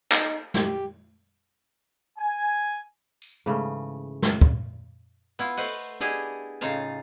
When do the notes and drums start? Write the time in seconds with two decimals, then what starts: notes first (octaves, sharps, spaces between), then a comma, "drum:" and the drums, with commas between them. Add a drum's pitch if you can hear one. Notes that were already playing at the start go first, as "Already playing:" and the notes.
0.12 D#4, drum: clap
0.54 G4, drum: snare
2.18 G#5
3.22 drum: tambourine
3.46 G#2 C#3 E3 A3
4.22 drum: snare
4.41 drum: kick
5.39 B3 E4 F4
5.57 A3 B4 C5 D#5 F#5, drum: open hi-hat
6.01 B3 D4 E4 G4 G#4 D#5, drum: hi-hat
6.61 A2 C#3 D#4 F4 F5 A5